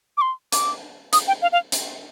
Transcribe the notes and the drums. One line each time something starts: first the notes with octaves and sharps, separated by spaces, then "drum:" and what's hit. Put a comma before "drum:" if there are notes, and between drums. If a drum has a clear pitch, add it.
D6
C6
D6, drum: hi-hat
D#6, drum: hi-hat
G5
F5
F5
drum: hi-hat